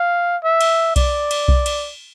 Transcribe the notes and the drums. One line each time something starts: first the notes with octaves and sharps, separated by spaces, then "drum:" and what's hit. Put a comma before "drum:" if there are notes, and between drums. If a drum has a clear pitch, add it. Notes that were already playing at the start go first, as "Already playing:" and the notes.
Already playing: F5
E5
drum: cymbal
D5, drum: kick B1, cymbal
drum: cymbal
drum: kick B1
drum: cymbal